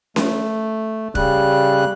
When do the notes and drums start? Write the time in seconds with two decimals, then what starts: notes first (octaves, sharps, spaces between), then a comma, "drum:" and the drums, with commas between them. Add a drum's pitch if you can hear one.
0.16 A3, drum: snare C#4
1.15 C#3 G3 F#6, drum: kick